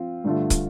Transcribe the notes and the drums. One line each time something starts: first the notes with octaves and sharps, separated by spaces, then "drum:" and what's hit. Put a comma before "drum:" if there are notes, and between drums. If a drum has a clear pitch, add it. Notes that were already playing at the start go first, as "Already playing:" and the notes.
Already playing: F3 C4 F4
G2 D3 A3 F4
drum: kick, hi-hat